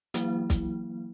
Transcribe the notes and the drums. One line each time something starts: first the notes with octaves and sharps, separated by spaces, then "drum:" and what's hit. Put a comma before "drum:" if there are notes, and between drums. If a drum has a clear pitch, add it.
E3 F#3 A#3 E4, drum: hi-hat
drum: kick, hi-hat